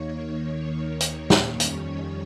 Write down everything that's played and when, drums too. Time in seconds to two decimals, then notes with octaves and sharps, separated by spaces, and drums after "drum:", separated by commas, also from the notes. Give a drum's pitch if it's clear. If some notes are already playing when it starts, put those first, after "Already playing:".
Already playing: D#2 D#3 A#3 C#5
0.26 C#5
1.00 drum: hi-hat
1.30 drum: snare
1.60 F2 D#3 G3 C#4, drum: hi-hat